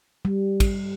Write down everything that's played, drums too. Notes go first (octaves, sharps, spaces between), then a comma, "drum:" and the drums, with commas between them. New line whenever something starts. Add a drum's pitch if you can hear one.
G3
drum: kick, cymbal